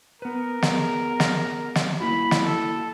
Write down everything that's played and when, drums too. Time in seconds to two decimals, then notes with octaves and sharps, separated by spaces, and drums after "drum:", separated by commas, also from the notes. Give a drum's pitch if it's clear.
0.22 B3 A#4 B4
0.62 B3 G#4, drum: snare
1.20 drum: snare
1.75 drum: snare
2.00 A#3 E4 F#4 B5
2.31 drum: snare
2.44 A4